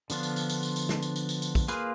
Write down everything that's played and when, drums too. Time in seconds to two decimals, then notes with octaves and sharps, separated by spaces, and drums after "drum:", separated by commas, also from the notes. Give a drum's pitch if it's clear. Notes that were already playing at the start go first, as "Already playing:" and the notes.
0.10 D3 F3 B3 D4 F4, drum: tambourine
0.23 drum: tambourine
0.36 drum: tambourine
0.50 drum: tambourine
0.63 drum: tambourine
0.76 drum: tambourine
0.89 drum: snare
1.02 drum: tambourine
1.16 drum: tambourine
1.29 drum: tambourine
1.42 drum: tambourine
1.55 drum: kick, tambourine
1.68 A#3 F4 G#4 B4, drum: tambourine